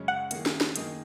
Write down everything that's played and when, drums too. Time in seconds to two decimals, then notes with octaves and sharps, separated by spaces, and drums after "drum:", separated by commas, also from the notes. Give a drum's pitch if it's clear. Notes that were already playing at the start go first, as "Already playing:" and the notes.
Already playing: F#2 C#3 G#3 C#4
0.08 F#5
0.31 D#3 A#3 E4 G#4, drum: hi-hat
0.46 drum: snare
0.61 drum: snare
0.76 F#2 D#3 A#3 D#4 G#4, drum: hi-hat